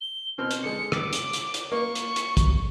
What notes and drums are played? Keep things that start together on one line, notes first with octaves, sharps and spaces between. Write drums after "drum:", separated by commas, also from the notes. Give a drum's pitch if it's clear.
G7
B2 C4 F6
drum: hi-hat
D3 G#3 C#7
D6, drum: rim click
drum: hi-hat
drum: hi-hat
drum: hi-hat
A#3 C#6
drum: hi-hat
drum: hi-hat
drum: kick, hi-hat